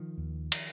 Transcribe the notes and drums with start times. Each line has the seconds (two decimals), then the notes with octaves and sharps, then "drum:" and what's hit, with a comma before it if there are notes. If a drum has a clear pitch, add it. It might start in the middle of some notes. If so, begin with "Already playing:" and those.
Already playing: D#3 F3
0.18 D#2
0.52 drum: cymbal